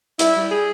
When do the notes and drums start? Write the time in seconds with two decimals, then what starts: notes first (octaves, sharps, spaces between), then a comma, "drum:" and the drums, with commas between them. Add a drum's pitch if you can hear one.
0.19 G3 E4, drum: hi-hat
0.35 G3
0.51 G#4